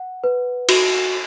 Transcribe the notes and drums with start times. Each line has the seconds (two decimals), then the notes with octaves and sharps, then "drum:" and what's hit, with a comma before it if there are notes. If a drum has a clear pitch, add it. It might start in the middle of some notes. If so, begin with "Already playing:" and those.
Already playing: F#5
0.24 B4
0.69 F#4, drum: cymbal